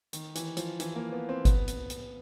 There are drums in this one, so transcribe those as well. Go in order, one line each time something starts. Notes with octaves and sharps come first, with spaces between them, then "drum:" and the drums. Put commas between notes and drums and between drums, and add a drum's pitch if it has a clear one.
D#3, drum: hi-hat
E3, drum: hi-hat
F3, drum: hi-hat
E3, drum: hi-hat
A#3
B3
C4
B3, drum: kick G1, hi-hat
drum: hi-hat
drum: hi-hat